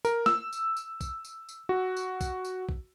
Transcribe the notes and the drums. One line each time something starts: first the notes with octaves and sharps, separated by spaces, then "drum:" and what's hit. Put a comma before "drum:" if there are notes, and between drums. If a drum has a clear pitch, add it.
A#4, drum: tambourine
E6, drum: snare
drum: tambourine
drum: tambourine
drum: kick A#1, tambourine
drum: tambourine
drum: tambourine
F#4
drum: tambourine
drum: kick A#1, tambourine
drum: tambourine
drum: kick A#1